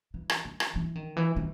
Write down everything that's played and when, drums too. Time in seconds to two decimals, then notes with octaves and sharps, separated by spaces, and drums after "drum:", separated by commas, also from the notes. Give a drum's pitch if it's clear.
0.14 E3
0.30 drum: rim click
0.45 D#3
0.60 drum: rim click
0.75 E3
0.95 D#3
1.17 E3
1.36 D#3